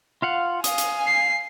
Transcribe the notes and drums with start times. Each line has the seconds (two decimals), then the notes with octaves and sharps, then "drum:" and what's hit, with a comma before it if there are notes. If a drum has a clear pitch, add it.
0.22 F4 F5 F#5
0.64 F5 G#5 D#6, drum: hi-hat
0.78 drum: hi-hat
1.07 C7